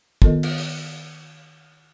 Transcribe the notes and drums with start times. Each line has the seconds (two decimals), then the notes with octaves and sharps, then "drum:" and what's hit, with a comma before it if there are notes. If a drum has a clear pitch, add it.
0.22 D#3 B3 F4 A4 A#4 D#5, drum: kick
0.43 drum: cymbal
0.58 drum: open hi-hat